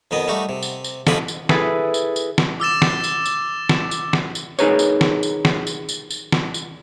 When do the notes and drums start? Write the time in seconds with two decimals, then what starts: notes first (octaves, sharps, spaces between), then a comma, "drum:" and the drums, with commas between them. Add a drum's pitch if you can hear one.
0.11 F2 D#3 B3 D#5
0.28 G3 A3 D#4 F#4
0.49 C3
0.63 drum: tambourine
0.84 drum: tambourine
1.07 F2 D3 D4 F4 D#5 B5, drum: snare
1.28 drum: tambourine
1.49 E4 G#4 A4 B4, drum: snare
1.94 drum: tambourine
2.16 drum: tambourine
2.38 drum: snare
2.60 D6 E6 A6 E7
2.82 drum: snare
3.04 drum: tambourine
3.26 drum: tambourine
3.69 drum: snare
3.91 drum: tambourine
4.13 drum: snare
4.35 drum: tambourine
4.59 D#4 G#4 A#4 B4 C#5, drum: tambourine
4.79 drum: tambourine
5.01 drum: snare
5.23 drum: tambourine
5.45 drum: snare
5.67 drum: tambourine
5.89 drum: tambourine
6.11 drum: tambourine
6.32 drum: snare
6.54 drum: tambourine